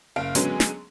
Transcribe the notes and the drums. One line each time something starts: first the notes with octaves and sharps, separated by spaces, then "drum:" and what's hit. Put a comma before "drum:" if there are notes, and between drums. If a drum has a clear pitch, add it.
F#1 F5 D7
D3 F#3 G#3 B3 C#4 G#4, drum: hi-hat
drum: snare